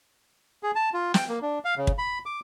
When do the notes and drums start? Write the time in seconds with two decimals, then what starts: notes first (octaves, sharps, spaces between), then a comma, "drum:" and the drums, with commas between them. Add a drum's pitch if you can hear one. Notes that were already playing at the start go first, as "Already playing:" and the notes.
0.63 G#4
0.76 A5
0.94 F4
1.14 G5, drum: snare
1.29 A#3
1.42 D4
1.65 F5
1.77 C#3
1.87 drum: kick
1.98 B5
2.26 D6